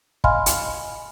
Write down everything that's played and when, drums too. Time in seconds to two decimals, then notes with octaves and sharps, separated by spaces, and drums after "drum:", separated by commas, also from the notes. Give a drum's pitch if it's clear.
0.24 D#5 F5 G#5 B5 C6 F6, drum: kick
0.46 drum: hi-hat